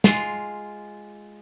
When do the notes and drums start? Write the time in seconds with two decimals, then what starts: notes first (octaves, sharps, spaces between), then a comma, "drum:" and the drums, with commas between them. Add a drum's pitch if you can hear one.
0.04 G#3 F4, drum: snare